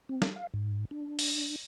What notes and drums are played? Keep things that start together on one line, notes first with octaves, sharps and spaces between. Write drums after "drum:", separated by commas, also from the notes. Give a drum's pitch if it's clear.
C4
drum: snare
F5
G#2
D4
drum: open hi-hat